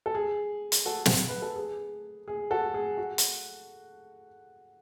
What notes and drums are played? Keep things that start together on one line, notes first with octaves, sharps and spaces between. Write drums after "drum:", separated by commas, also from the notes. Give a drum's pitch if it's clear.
A4
G#4
drum: hi-hat
F#4 A4
drum: snare
B4
A4
G#4
G#4
F#4 A4
G#4
F#4
drum: hi-hat